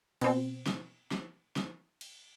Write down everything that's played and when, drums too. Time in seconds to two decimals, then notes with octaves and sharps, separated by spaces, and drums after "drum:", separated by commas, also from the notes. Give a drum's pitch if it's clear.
0.21 B2 C4, drum: cymbal
0.66 drum: snare
1.11 drum: snare
1.56 drum: snare
2.01 drum: cymbal